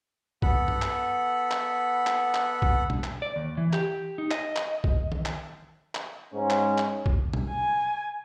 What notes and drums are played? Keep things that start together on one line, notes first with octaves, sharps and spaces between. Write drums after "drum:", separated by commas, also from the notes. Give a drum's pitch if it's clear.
B3 A4 F#5 B5, drum: kick B1
drum: tom G2
drum: clap
drum: clap
drum: clap
drum: clap
drum: kick B1
drum: tom B2
drum: clap
D5
D#2
E3
G4, drum: clap
D#4
D#5, drum: clap
drum: clap
drum: kick B1
drum: tom D#3
drum: clap
drum: clap
G#2 C#4
drum: clap
drum: clap
drum: kick B1
drum: tom B2
G#5